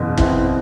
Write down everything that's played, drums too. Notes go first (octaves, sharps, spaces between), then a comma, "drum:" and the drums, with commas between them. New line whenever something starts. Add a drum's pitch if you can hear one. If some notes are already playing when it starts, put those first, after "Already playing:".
Already playing: F#1 E2 B2
C4 E4, drum: kick